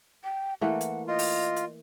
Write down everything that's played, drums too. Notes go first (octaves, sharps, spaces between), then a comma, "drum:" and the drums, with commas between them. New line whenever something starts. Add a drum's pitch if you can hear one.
G5
E3 A3 A#3 F#5
drum: hi-hat
F4 D#5
drum: open hi-hat
drum: hi-hat